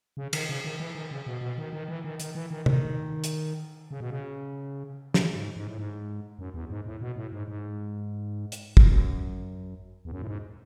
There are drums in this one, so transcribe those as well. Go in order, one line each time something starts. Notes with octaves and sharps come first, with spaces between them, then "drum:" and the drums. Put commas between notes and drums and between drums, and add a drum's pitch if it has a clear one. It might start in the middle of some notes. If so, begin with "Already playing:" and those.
C#3
D#3, drum: cymbal
C#3
D#3
E3
D#3
C#3
B2
B2
D#3
D#3
E3
D#3
D#3, drum: hi-hat
E3
D#3
D#3, drum: tom
drum: hi-hat
C#3
B2
C#3
C#3, drum: snare
G#2
G#2
A2
G#2
F#2
E2
G#2
A2
B2
A2
G#2
G#2
drum: hi-hat
E2, drum: kick
F#2
E2
F#2
A2
G#2